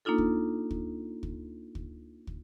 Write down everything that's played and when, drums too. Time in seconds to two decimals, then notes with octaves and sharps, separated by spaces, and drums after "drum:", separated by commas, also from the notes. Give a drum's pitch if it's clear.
0.05 A#3 D4 D#4 F4 A4
0.18 drum: kick
0.71 drum: kick
1.23 drum: kick
1.75 drum: kick
2.27 drum: kick